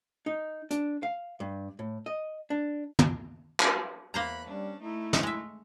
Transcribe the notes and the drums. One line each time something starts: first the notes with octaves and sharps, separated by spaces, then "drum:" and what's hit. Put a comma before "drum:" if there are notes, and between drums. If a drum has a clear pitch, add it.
D#4
D4, drum: hi-hat
F5
G2
A2
D#5
D4
drum: tom
drum: clap
E2 A#3 C5 A#5 B5 F#6
G3 C#4 D4
A3 D#4 E4
drum: snare
G#3 E5